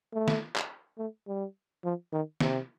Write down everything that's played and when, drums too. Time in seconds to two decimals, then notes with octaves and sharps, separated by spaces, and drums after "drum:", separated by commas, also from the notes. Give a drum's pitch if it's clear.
0.13 A3
0.28 drum: snare
0.56 drum: clap
0.98 A3
1.27 G3
1.84 F3
2.12 D#3
2.41 C3, drum: snare